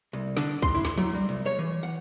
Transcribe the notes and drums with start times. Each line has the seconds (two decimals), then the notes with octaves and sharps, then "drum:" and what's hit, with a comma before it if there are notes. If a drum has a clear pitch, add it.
0.13 C2
0.37 D3, drum: snare
0.62 C6, drum: kick
0.75 E4
0.85 drum: snare
0.98 F#3
1.14 G3
1.29 C2
1.46 C#5
1.59 E3
1.83 F#5